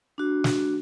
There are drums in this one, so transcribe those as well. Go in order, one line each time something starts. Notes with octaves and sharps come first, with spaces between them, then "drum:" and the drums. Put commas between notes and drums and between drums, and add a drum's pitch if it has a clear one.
D4 F#4
drum: snare